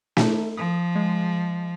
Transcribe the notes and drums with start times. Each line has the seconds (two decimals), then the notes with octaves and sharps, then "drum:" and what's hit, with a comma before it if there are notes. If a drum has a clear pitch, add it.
0.17 D#4 E5 A5, drum: snare
0.57 F3 D#6
0.95 G#3